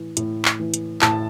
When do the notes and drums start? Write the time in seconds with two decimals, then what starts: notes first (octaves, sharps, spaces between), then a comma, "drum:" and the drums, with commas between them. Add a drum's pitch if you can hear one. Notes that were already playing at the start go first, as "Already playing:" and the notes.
Already playing: A2 E3
0.17 A2, drum: hi-hat
0.45 drum: clap
0.60 E3
0.74 drum: hi-hat
1.02 A2 A5, drum: clap